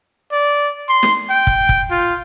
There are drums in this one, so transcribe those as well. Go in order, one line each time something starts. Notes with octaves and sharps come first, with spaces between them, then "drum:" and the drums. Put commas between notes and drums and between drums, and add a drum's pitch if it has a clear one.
D5
C6
drum: snare
G5
drum: kick
drum: kick
F4